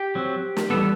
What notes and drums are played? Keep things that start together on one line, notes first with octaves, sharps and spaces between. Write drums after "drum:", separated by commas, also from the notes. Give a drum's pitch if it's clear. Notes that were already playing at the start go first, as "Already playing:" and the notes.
Already playing: G4
F#3 C4
drum: snare
E3 G3 B3 A4